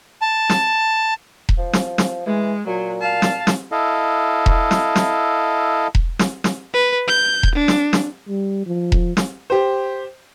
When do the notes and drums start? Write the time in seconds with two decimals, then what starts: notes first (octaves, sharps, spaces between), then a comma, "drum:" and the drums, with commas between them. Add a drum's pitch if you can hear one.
0.22 A5
0.50 drum: snare
1.49 drum: kick E1
1.58 F3
1.73 drum: snare
1.98 drum: snare
2.26 E3 G#3
2.67 A#2 F#3
3.01 F5 A5
3.22 drum: snare
3.47 drum: snare
3.72 E4 A4 D#5 F5
4.46 drum: kick E1
4.71 drum: snare
4.96 drum: snare
5.95 drum: kick E1
6.19 drum: snare
6.44 drum: snare
6.73 B4
7.08 G6
7.43 drum: kick E1
7.54 D4
7.68 drum: snare
7.93 drum: snare
8.28 G3
8.67 F3
8.92 drum: kick E1
9.17 drum: snare
9.50 G4 C5